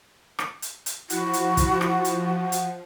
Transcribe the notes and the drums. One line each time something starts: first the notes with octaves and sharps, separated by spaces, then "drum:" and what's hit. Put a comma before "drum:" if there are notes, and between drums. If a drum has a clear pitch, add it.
drum: rim click
drum: hi-hat
drum: hi-hat
F3 E4 F#4 F#5, drum: hi-hat
drum: hi-hat
drum: kick, hi-hat
drum: rim click
drum: hi-hat
drum: hi-hat